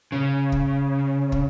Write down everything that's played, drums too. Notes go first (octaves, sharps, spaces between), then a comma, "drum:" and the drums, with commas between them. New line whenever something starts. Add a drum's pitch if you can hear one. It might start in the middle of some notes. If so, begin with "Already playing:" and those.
C#3
drum: kick
drum: kick